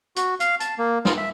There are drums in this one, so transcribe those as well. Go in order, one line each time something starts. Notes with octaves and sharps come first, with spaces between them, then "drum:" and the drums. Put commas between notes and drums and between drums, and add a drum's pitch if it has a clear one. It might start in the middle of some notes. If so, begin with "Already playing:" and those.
F#4, drum: hi-hat
F5, drum: hi-hat
A5, drum: hi-hat
A#3
F4, drum: snare
E5